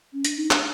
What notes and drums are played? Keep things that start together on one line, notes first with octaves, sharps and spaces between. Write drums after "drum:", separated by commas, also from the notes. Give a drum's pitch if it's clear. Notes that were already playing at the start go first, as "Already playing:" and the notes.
C#4
D4, drum: hi-hat
D#4
D4, drum: clap